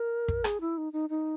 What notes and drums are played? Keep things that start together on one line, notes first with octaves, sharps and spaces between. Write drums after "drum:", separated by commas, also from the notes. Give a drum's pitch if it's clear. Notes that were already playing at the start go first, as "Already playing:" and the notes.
Already playing: A#4
drum: kick
G#4, drum: rim click
E4
D#4
D#4
D#4